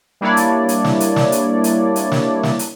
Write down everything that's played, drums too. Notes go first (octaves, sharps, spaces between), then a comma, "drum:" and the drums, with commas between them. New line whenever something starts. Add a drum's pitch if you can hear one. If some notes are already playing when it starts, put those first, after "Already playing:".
G3 A#3 D4 E4 C#5 D5
drum: hi-hat
drum: hi-hat
drum: snare
drum: hi-hat
drum: snare
drum: hi-hat
drum: hi-hat
drum: hi-hat
drum: snare
drum: snare
drum: hi-hat